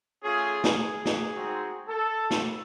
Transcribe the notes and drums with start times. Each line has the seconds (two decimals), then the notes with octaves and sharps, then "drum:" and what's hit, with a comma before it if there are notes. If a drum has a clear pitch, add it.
0.22 A3 C#4 F4 G#4
0.64 drum: snare
0.78 G#4
1.05 drum: snare
1.33 G#3 C4 D#4 F#4
1.88 A4
2.30 drum: snare